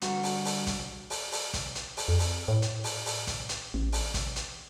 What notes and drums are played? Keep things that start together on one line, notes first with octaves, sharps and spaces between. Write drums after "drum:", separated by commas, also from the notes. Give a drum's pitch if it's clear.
G2 D3 F#4 F#5 A#5, drum: hi-hat
drum: open hi-hat
drum: open hi-hat
drum: kick, hi-hat
drum: open hi-hat
drum: open hi-hat
drum: kick, hi-hat
drum: hi-hat
drum: open hi-hat
F2
drum: open hi-hat
A2
drum: hi-hat
drum: open hi-hat
drum: open hi-hat
drum: kick, hi-hat
drum: hi-hat
A1
drum: open hi-hat
drum: kick, hi-hat
drum: hi-hat